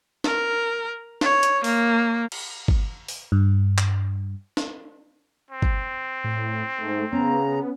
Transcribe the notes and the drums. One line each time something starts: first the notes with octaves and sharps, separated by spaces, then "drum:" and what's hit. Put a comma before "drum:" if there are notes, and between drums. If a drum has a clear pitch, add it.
A#4, drum: snare
C#5, drum: snare
drum: hi-hat
A#3, drum: open hi-hat
drum: cymbal
drum: kick G1
drum: open hi-hat
G2
drum: clap
drum: snare
C4
drum: kick G1
A2
G#2 A3
C#3 B3 C#4 A#5